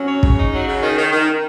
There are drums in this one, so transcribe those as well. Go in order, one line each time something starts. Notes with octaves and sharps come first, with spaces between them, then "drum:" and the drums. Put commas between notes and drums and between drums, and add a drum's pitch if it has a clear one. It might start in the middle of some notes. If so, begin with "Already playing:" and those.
Already playing: F#3 C#4
C#5
C#3, drum: kick
D#4
F#3
C#3
D#3
D#3
D#3